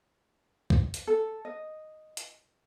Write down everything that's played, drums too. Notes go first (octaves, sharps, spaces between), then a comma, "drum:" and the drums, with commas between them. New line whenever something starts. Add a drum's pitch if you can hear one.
drum: kick
drum: hi-hat
A4
D#5
drum: hi-hat